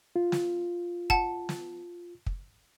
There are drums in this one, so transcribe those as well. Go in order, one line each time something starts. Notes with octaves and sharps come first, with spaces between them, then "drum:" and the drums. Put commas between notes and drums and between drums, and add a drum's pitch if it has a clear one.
F4
drum: snare
F#5 A5, drum: kick
drum: snare
drum: kick